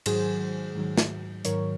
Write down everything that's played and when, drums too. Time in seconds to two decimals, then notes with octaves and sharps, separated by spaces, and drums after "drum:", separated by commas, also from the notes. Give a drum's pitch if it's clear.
0.06 G#2 D#3 F#3 G#4 C5, drum: cymbal
0.75 G#2 D#3 F#3
0.97 drum: snare
1.45 G#2 D#3 F#3 A#4 C#5, drum: hi-hat